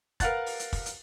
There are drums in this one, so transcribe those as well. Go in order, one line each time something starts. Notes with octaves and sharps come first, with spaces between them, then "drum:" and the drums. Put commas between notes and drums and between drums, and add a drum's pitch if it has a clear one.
A#4 B4 F5 F#5 F#6 A6, drum: kick, hi-hat
drum: open hi-hat
drum: hi-hat
drum: kick, open hi-hat
drum: hi-hat